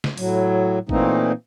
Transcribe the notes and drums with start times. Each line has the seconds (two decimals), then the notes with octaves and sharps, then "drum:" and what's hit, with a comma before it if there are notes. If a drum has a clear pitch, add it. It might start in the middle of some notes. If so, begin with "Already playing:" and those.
0.04 drum: snare
0.18 A2 F#3, drum: open hi-hat
0.89 A#2 E3 A3 A#3 C4 D#4, drum: kick